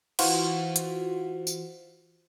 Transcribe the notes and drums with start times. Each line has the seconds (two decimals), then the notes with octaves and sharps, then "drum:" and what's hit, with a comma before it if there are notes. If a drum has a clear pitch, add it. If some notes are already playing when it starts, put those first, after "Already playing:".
0.19 E3 F4 F#4 C5, drum: cymbal
0.76 drum: hi-hat
1.47 drum: tambourine